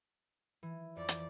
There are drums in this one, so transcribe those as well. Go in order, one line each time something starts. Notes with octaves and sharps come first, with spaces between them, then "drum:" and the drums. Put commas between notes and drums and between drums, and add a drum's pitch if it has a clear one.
E3
F2 D5
drum: hi-hat